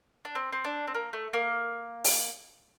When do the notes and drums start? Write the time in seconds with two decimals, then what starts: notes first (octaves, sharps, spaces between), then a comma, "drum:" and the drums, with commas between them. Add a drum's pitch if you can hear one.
0.25 D4
0.35 C4
0.53 C4
0.64 D4
0.87 C4
0.95 A#3
1.13 A3
1.33 A#3
2.04 drum: open hi-hat